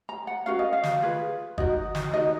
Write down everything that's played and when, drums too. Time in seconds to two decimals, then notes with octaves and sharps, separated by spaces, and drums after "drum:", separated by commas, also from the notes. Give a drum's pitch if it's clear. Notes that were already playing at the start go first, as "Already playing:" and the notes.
0.09 A#5
0.27 F#5
0.46 C#4 F#4 A#4 F5
0.59 D#5
0.73 F5
0.83 drum: snare
1.02 F4 G#4 B4
1.58 D#4 F#4 A#4 D#5, drum: kick G1
1.95 drum: snare
2.13 D#4 F#4 A#4 D#5